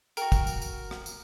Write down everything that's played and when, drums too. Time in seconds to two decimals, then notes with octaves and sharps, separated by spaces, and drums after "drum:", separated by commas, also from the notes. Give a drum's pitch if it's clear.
0.17 F#4 A#4 G5, drum: tambourine
0.32 drum: kick, tambourine
0.47 drum: tambourine
0.62 drum: tambourine
0.91 drum: rim click
1.06 drum: tambourine